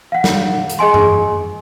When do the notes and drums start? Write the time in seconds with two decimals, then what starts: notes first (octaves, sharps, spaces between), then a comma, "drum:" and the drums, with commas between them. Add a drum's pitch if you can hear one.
0.12 F5 F#5
0.24 drum: snare
0.70 drum: hi-hat
0.79 G#4 D#5 G#5 C6
0.94 drum: tom G2